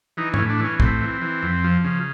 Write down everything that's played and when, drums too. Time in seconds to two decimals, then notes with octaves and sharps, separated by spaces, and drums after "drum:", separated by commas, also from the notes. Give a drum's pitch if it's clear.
0.17 E3 D#4
0.34 A2 C#4, drum: tom
0.49 D4
0.60 E3 C#4
0.80 A2 C4, drum: kick
1.02 E3
1.22 E3
1.43 F2
1.64 F3
1.84 C#3